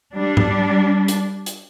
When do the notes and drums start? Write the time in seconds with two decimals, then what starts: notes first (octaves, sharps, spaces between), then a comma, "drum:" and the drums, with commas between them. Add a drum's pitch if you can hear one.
0.15 G3 D4
0.37 drum: tom G#2
1.08 drum: hi-hat
1.46 drum: hi-hat